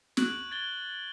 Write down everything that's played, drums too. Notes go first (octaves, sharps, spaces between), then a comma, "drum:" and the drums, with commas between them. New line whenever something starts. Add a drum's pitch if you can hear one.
C#6 F#6 G#6 D7 F#7, drum: snare
G#6 A6 G7